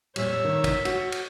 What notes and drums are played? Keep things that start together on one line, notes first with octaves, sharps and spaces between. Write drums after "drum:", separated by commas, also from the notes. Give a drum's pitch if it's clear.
F2 A#2 G3 C#5 E5, drum: cymbal
D#3
drum: kick, cymbal
F#4, drum: cymbal
drum: cymbal